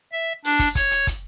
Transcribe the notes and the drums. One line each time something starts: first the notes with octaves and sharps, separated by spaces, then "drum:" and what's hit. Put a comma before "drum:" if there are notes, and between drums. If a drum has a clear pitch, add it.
E5
D4, drum: open hi-hat
drum: kick, hi-hat
C#5, drum: kick, hi-hat
drum: hi-hat
drum: kick, hi-hat